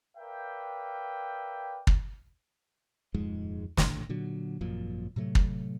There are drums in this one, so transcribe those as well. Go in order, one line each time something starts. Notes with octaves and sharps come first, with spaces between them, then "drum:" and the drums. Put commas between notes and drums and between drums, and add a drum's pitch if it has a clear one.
A#4 B4 D5 E5 F5 G5
drum: kick
D#1 F2 G#2 G#3
A#1 D#2 A2 D3, drum: snare
A#2 D3 F#3
G#1 F#2 A#2 F3
A2 C3 F#3 A3
drum: kick